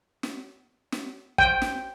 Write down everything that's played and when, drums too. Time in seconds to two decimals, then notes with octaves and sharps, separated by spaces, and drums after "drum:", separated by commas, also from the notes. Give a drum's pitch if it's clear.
0.23 drum: snare
0.92 drum: snare
1.38 G5, drum: kick
1.62 drum: snare